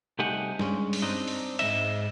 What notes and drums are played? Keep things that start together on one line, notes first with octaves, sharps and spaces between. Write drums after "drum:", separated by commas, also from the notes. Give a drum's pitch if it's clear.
C2 A3 D#4 G4 F#5 G#5
G2 G#3 C#4, drum: snare
drum: open hi-hat
C4 D4 D#4 D#5
drum: open hi-hat
G#2 F#3 D#5 E5, drum: cymbal